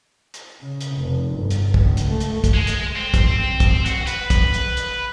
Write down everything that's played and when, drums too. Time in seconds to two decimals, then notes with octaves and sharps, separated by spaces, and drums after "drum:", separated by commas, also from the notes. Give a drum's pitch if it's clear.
0.34 drum: hi-hat
0.61 C#3
0.81 drum: hi-hat
0.97 F1
1.33 G1
1.50 drum: hi-hat
1.74 C#2, drum: kick
1.97 drum: hi-hat
2.10 A3
2.20 drum: hi-hat
2.44 drum: kick, hi-hat
2.54 G#3
2.67 drum: hi-hat
2.96 C4
3.14 drum: kick, hi-hat
3.60 drum: kick, hi-hat
3.86 F#4, drum: hi-hat
4.07 B4, drum: hi-hat
4.30 drum: kick, hi-hat
4.54 drum: hi-hat
4.77 drum: hi-hat